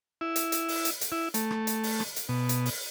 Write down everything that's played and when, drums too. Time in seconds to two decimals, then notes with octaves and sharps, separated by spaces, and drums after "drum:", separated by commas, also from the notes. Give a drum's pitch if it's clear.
0.21 E4
0.36 drum: hi-hat
0.52 drum: hi-hat
0.69 drum: open hi-hat
0.85 drum: hi-hat
1.01 drum: hi-hat
1.12 E4
1.34 A3, drum: hi-hat
1.51 drum: rim click
1.67 drum: hi-hat
1.83 drum: open hi-hat
2.00 drum: rim click
2.16 drum: hi-hat
2.29 B2
2.49 drum: hi-hat
2.66 drum: open hi-hat